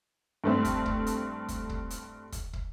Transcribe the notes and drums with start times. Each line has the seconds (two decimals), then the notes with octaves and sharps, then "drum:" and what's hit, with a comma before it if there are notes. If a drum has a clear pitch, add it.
0.44 G2 A3 C4
0.65 drum: kick, hi-hat
0.86 drum: kick
1.07 drum: hi-hat
1.48 drum: kick, hi-hat
1.69 drum: kick
1.90 drum: hi-hat
2.32 drum: kick, hi-hat
2.53 drum: kick